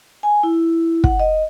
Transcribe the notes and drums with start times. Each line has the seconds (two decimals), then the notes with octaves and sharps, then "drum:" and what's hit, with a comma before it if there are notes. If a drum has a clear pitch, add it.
0.23 G#5
0.43 E4
1.04 F#5, drum: kick
1.20 D#5